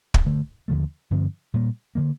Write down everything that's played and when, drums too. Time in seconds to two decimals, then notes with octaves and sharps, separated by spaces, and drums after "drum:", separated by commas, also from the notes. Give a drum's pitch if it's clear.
0.14 drum: kick
0.25 G2 D3 A3
0.68 D#2 D3 F3 A3
1.11 G2 D3 F3 C4
1.54 A#2 G3 A#3
1.95 D3 F3 A#3